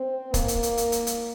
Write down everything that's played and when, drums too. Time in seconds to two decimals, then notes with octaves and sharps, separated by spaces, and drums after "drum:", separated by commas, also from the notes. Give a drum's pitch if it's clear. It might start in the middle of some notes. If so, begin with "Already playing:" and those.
Already playing: C4
0.34 A#3, drum: kick, hi-hat
0.48 drum: hi-hat
0.63 drum: hi-hat
0.77 drum: hi-hat
0.92 drum: hi-hat
1.07 drum: hi-hat